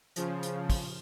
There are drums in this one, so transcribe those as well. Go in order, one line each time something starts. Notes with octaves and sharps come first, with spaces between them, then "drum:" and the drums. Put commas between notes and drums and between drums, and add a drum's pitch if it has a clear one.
C#3 F3, drum: hi-hat
drum: hi-hat
drum: kick, open hi-hat